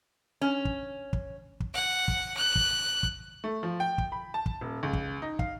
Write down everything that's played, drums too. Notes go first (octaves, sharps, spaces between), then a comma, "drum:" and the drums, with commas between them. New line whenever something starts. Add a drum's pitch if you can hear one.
C#4
drum: kick
drum: kick
drum: kick
F#5
drum: kick
F#6
drum: kick
drum: kick
A3
F3
G5
drum: kick
B5
A5
drum: kick
D#1
C#2
drum: kick
D#4
F5, drum: kick